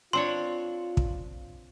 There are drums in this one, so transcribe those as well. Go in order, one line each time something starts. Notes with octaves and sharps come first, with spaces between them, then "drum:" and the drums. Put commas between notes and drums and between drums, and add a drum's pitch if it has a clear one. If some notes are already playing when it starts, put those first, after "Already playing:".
C4 D4 F4 C#5 C6
drum: kick